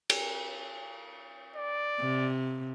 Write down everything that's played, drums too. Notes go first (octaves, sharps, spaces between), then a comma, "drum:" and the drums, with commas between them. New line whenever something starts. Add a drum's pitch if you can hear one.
drum: cymbal
D5
C3